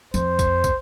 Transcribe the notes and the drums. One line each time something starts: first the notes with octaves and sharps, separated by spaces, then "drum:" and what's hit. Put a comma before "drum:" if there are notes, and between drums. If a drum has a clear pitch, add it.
F2 C5, drum: tambourine
drum: kick, tambourine
drum: kick, tambourine